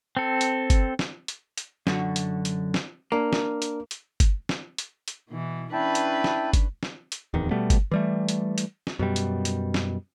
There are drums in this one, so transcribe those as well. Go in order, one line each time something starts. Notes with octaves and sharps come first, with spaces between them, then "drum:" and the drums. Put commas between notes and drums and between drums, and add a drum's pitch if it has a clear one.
C4 A4
drum: hi-hat
drum: kick G1, hi-hat
drum: snare
drum: hi-hat
drum: hi-hat
F#2 D3 F#4, drum: snare
drum: hi-hat
drum: hi-hat
drum: snare
A#3 D4 A#4
drum: snare
drum: hi-hat
drum: hi-hat
drum: kick G1, hi-hat
drum: snare
drum: hi-hat
drum: hi-hat
B2 E3
C#4 D4 E4 B4 G5 A5
drum: hi-hat
drum: snare
drum: kick G1, hi-hat
drum: snare
drum: hi-hat
D1 E2 D#3
B2 G3 A3 B3
drum: kick G1, hi-hat
E3 G3 A3
drum: hi-hat
drum: hi-hat
drum: snare
F#2 B2 G3
drum: hi-hat
drum: hi-hat
drum: snare